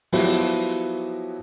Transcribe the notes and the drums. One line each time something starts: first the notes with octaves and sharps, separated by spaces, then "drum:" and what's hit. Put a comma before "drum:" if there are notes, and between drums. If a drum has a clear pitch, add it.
F3 F#3 B3 E4 F#4 G4, drum: open hi-hat